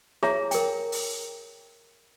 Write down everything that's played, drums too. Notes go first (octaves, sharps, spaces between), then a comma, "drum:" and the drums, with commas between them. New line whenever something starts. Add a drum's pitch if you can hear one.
G#4 C#5 E5 A#5, drum: snare E4
A#4 G5, drum: hi-hat
drum: open hi-hat